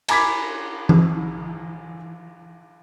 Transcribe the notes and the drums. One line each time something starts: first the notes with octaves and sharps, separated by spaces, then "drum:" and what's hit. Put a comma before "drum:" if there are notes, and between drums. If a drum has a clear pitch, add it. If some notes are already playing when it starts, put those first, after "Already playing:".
G#5 A#5 B5 D6 G#6 B6, drum: cymbal
drum: tom E3